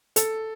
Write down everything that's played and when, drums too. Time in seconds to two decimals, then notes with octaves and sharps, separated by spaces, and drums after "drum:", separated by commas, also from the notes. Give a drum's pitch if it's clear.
0.16 A4, drum: hi-hat